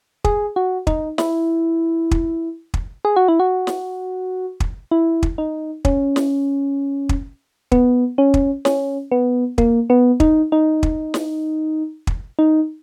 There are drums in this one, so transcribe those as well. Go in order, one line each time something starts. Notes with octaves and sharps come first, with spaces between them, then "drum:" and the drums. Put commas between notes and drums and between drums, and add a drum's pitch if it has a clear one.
G#4, drum: kick
F#4
D#4, drum: kick
E4, drum: snare
drum: kick
drum: kick
G#4
F#4
E4
F#4
drum: snare
drum: kick
E4
drum: kick
D#4
C#4, drum: kick
drum: snare
drum: kick
B3, drum: kick
C#4
drum: kick
C#4, drum: snare
B3
A#3, drum: kick
B3
D#4, drum: kick
D#4
drum: kick
drum: snare
drum: kick
D#4